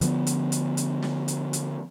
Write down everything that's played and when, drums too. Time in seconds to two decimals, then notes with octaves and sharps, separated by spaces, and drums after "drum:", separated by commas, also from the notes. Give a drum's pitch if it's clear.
0.01 D3 F3 A#3 B3, drum: hi-hat
0.27 drum: hi-hat
0.52 drum: hi-hat
0.77 drum: hi-hat
1.02 drum: snare
1.28 drum: hi-hat
1.53 drum: hi-hat